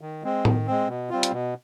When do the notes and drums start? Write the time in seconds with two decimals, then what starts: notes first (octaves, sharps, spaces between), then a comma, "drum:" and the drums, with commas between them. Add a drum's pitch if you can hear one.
0.01 D#3
0.23 G#3 C4
0.45 D#3, drum: tom A2
0.66 G#3 C4
0.88 B2
1.10 G3 C4 F4
1.23 drum: hi-hat
1.32 B2